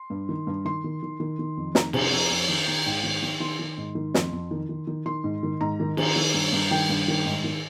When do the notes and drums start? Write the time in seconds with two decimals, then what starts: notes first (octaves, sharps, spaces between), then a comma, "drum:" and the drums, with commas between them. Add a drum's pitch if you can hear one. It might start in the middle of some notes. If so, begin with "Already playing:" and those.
Already playing: C6
0.10 G2
0.29 D#3
0.47 G2
0.65 D#3 C6
0.84 D#3
1.02 D#3
1.20 D#3
1.39 D#3
1.57 F2
1.75 D#3 A#5, drum: snare
1.93 C3, drum: cymbal
2.12 F2
2.30 F2
2.48 D#3
2.68 D#3
2.86 G#2 G5
3.03 D#3
3.22 D#3
3.40 D#3 C6
3.59 D#3
3.78 G#2
3.95 D#3
4.14 F2, drum: snare
4.33 F2
4.51 D#3
4.69 D#3
4.87 D#3
5.06 D#3 C6
5.24 G#2
5.43 D#3
5.61 G#2 A#5
5.80 D#3
5.97 D#3, drum: cymbal
6.16 D#3
6.34 G2
6.53 G2
6.71 D#3 G5
6.89 G2
7.08 D#3
7.25 G#2
7.44 D#3